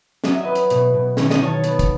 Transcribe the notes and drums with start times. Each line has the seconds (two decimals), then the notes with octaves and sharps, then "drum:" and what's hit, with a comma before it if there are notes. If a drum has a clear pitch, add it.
0.24 F#3 D#5, drum: snare
0.34 E5
0.43 C#4 B4 D#5
0.55 drum: hi-hat
0.70 B2, drum: hi-hat
0.94 B2
1.17 D#3 C#5, drum: snare
1.30 D#5, drum: snare
1.41 D#3 A4 C#5
1.64 B3, drum: hi-hat
1.79 drum: kick, hi-hat